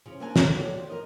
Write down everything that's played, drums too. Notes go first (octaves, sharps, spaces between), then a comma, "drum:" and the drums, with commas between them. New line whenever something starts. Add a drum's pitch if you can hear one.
C#3 F3
A#3 C4 D4 F5 G#5 A5
D3 F#3 B3 C#5, drum: snare
F#4 G4 A4 B4 C#5 D5
F3
A#4 D#5